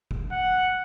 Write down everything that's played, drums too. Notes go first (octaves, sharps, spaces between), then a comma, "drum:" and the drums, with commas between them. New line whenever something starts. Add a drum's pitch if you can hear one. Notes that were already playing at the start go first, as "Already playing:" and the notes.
drum: kick
F#5